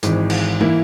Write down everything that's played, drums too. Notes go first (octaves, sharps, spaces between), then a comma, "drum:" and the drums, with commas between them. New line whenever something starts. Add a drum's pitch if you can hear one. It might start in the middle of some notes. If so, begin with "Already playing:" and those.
G#1 G#2 E3, drum: hi-hat
drum: cymbal
E3 A#3 E4, drum: tom